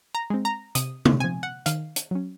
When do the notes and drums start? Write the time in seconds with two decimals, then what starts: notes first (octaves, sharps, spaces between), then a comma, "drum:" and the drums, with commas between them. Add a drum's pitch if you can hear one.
0.15 A#5
0.30 G#3 C4
0.45 A#5
0.75 C3 D#6, drum: hi-hat
1.05 drum: tom C3
1.20 F3 C4 G#5
1.43 F#5
1.66 D#3 F5, drum: hi-hat
1.96 drum: hi-hat
2.11 F#3 C#4